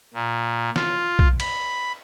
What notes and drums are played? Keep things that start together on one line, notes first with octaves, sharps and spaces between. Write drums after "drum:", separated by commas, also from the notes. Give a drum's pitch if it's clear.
A#2
F4, drum: snare
drum: kick
B5, drum: cymbal